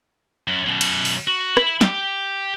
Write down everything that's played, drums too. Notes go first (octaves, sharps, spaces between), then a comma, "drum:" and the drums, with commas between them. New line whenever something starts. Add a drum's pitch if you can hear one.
F#2
F#2 B2
drum: cymbal
drum: open hi-hat
F#4
E5 B5, drum: rim click
G4 G5, drum: snare